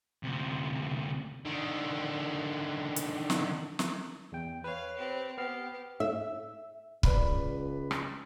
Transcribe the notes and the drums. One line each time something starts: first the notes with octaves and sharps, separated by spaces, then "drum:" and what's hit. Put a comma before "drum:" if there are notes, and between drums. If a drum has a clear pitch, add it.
D2 C3
D3 D#3
drum: hi-hat
drum: snare
drum: snare
E2 G5
B4 C#5 F5
C4 G4
B3 G4 F6 C7
E5
C#2 B4 D5 B5, drum: kick
drum: rim click